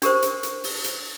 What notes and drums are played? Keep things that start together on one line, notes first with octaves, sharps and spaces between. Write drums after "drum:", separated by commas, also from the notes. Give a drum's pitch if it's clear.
D4 G4 A#4 C5, drum: hi-hat
drum: hi-hat
drum: hi-hat
drum: open hi-hat
drum: hi-hat